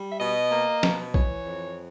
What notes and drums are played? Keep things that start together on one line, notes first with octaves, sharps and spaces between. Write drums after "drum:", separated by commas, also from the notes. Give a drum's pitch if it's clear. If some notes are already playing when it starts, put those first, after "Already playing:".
Already playing: G3
E5
B2 D#5
A#3
B2, drum: snare
E3 C#5, drum: kick
F2